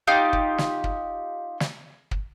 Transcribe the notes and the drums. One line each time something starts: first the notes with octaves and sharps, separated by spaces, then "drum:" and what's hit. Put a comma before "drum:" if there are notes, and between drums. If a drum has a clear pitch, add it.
D#4 F4 G4
drum: kick
drum: snare
drum: kick
drum: snare
drum: kick